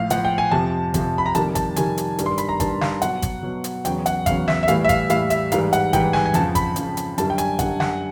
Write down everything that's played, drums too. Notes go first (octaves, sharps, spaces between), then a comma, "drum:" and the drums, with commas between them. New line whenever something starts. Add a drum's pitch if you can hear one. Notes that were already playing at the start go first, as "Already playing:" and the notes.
Already playing: A2 F3 F5
A2 F3 F#5, drum: hi-hat
G5
G#5
F2 C3 F3 A5
F2 C3 F3, drum: kick G#1, hi-hat
B5
A#5
F2 C3 D#3 G3 A5, drum: hi-hat
A5, drum: kick G#1, hi-hat
F2 C3 D#3 G3 G#5, drum: hi-hat
drum: hi-hat
G2 D#3 G3, drum: hi-hat
C6
B5, drum: hi-hat
A#5
G2 D#3 G3 A5, drum: kick G#1, hi-hat
F5, drum: snare
B2 F#3 F#5, drum: hi-hat
drum: kick G#1, hi-hat
B2 F#3
drum: hi-hat
E2 C#3 F#3 G5, drum: hi-hat
F#5, drum: hi-hat
E2 C#3 F#3 F5, drum: kick G#1, hi-hat
E5, drum: snare
E5
A2 E3 G3 F5, drum: hi-hat
E5
F5, drum: kick G#1, hi-hat
A2 E3 G3 F5, drum: hi-hat
E5, drum: hi-hat
G#2 E3 G3 F5, drum: hi-hat
F#5, drum: hi-hat
G#2 E3 G3 G5, drum: kick G#1, hi-hat
G#5, drum: snare
G#5
F2 C#3 F3 A5, drum: hi-hat
B5, drum: kick G#1, hi-hat
F2 C#3 F3, drum: hi-hat
drum: hi-hat
F#2 D3 G3 A5, drum: hi-hat
G5
G#5, drum: hi-hat
F#2 D3 G3 F#5, drum: kick G#1, hi-hat
F#5, drum: snare